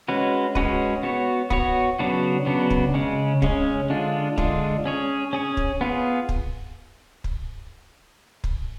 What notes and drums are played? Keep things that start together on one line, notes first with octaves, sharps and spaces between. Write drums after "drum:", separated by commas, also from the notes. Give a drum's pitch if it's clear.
G#3 C#4 F#4 B4
G#3 C#4 F#4 B4, drum: kick
B3 F#4 C#5
B3 F#4 C#5, drum: kick
C#3 F#3 B3 D4 F#4
C#3 F#3 B3 D4 F#4
drum: kick
C#3 G#3 C#4
C#3 G#3 C#4, drum: kick
D3 G#3 D4 F4
D3 G#3 D4 F4, drum: kick
C#4 G#4 C#5
C#4 G#4 C#5
drum: kick
B3 F4 G#4
drum: kick
drum: kick
drum: kick